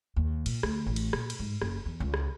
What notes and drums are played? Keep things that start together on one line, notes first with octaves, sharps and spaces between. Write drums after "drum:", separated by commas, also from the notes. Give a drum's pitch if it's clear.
D#2
A#2, drum: cymbal
D2, drum: rim click
A1
drum: cymbal
A#2, drum: rim click
drum: cymbal
G#2
F#1, drum: rim click
E2
C#2
drum: rim click